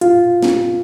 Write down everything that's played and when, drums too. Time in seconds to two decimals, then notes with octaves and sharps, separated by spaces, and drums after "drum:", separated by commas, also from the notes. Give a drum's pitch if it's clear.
0.01 F4, drum: hi-hat
0.42 drum: snare C4